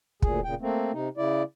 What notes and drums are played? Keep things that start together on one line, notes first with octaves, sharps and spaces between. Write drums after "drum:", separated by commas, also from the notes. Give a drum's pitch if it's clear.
D2 A#2 G#4, drum: kick
A#2 C#3 G5
A3 A#3 C4
C3 D#4
C#3 E4 D5